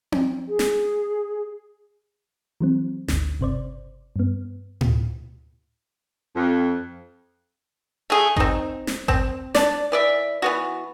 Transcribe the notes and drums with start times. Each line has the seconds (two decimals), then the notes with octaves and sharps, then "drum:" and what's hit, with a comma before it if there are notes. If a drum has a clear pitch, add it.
0.12 drum: tom C4
0.48 G#4
0.59 drum: snare
2.61 E3 F#3 C4
3.08 G#1 D2, drum: snare
3.40 G1 C3 C5 D5
4.16 G2 B3
4.81 drum: tom A2
6.36 F2
8.10 A3 G#4
8.36 C4 D#4, drum: kick G#1
8.87 drum: snare
9.08 C4, drum: kick G#1
9.55 D4 D5, drum: snare
9.92 E3 D5 E5
10.42 E3 B3 F#4